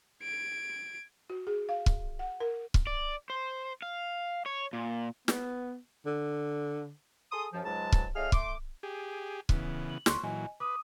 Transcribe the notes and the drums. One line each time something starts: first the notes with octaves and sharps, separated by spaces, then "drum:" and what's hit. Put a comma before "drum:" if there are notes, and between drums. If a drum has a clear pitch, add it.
G#6 D7
F#4
G#4
F5
drum: kick
F#5
A#4
drum: kick
D5
C5
F5
C#5
A#2
B3, drum: snare
D3
G#4 A4 C6 D#6
F#2 F3
C#2 G#2 C#3 F#3 G#3 A5
drum: kick
A2 E4 G#4 D#5 F5 F6
A3 C6 D6, drum: kick
G4 G#4
C#3 E3 B3, drum: kick
F#7
D2 C6 C#6 F#6, drum: snare
A#2 E3 F#3 D#5 G#5
B4 D6 D#6 D#7